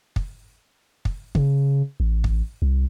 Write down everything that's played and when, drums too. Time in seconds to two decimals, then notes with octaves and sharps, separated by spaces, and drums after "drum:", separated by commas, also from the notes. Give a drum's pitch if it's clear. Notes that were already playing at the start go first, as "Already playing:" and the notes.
0.16 drum: kick
1.05 drum: kick
1.35 C#3, drum: kick
2.00 A1
2.24 drum: kick
2.62 C2